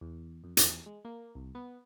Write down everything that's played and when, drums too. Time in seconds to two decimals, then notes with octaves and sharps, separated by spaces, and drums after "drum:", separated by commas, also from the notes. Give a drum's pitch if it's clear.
0.01 E2
0.44 F2
0.57 E2, drum: hi-hat
0.86 G#3
1.05 A#3
1.35 C2
1.55 B3